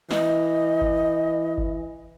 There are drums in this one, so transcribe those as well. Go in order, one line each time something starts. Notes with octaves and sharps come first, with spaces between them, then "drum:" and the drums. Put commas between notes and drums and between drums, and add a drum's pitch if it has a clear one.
E3 D#5, drum: snare
drum: kick G1
drum: kick G1